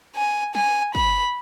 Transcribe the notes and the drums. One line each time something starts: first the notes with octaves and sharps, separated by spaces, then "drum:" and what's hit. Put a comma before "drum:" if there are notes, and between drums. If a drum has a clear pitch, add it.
G#5
G#5, drum: snare
B5, drum: kick